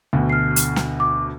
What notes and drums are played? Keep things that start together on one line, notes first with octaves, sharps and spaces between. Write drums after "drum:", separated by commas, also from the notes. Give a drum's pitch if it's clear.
D2 B2
F6 C7
drum: hi-hat
drum: snare
D6